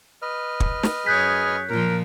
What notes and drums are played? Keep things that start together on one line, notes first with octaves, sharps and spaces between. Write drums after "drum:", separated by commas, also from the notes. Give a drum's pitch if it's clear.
B4 D#5 F6
drum: kick
drum: snare
F#2 G#4 C#5 F#6 G6 B6
A#2 F3 A#4